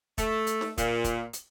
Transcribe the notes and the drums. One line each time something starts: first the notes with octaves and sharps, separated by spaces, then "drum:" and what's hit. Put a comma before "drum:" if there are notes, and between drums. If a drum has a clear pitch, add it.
A3, drum: kick, hi-hat
drum: hi-hat
drum: snare
A#2, drum: kick, hi-hat
drum: kick, hi-hat
drum: hi-hat